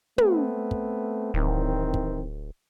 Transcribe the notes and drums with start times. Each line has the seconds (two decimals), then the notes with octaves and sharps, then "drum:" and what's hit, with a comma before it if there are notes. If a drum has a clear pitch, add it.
0.18 A3 B3 C4, drum: tom
0.71 drum: kick
1.34 D1 D#3 E3 C4
1.94 drum: kick